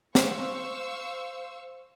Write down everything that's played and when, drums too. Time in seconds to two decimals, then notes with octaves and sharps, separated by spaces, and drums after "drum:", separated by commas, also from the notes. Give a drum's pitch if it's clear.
0.15 C5 F5 C#6 E6, drum: snare